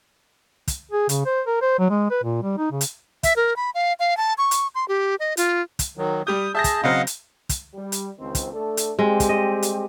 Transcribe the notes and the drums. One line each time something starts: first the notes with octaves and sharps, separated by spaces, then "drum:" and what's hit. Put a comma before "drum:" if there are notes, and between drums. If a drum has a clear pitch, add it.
drum: kick, hi-hat
G#4
C#3, drum: hi-hat
C5
A#4
C5
F#3
G#3
B4
A#2
G3
D#4
C#3
drum: hi-hat
E5, drum: kick, hi-hat
A#4
B5
F5
F5
A5
C#6
drum: hi-hat
C6
G4
D#5
F4, drum: hi-hat
drum: kick, hi-hat
D#3 F#3
G3 G4 D#6 G6
G#4 E5 A5 G6 A#6
drum: kick, hi-hat
C#3 F#3 C4 D#5 F5 F#5
drum: hi-hat
drum: kick, hi-hat
G3
drum: hi-hat
C#2 D#3 C4
drum: kick, hi-hat
A3 D4 A4
drum: hi-hat
G3 G#3 C4 G4
drum: kick, hi-hat
D#5
drum: hi-hat